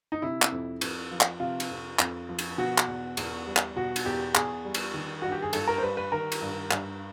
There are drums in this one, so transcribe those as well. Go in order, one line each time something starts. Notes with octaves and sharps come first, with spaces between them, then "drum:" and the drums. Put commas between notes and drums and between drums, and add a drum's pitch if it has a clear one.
D#4
C3 E4
drum: clap
F2
F2, drum: cymbal
F3
drum: clap
C3 F4
drum: cymbal
F2
F2, drum: clap
F3
drum: cymbal
B2 F#4
drum: clap
E2
E2, drum: cymbal
G3
drum: clap
B2 F#4
drum: cymbal
E2 G4
E2 G#4, drum: clap
G3
drum: cymbal
D#3
G2 F#4
G4
G#4
G2 A4, drum: cymbal
A#4
C5
G3 B4
B4
D#3 A#4
drum: cymbal
G2
G2, drum: clap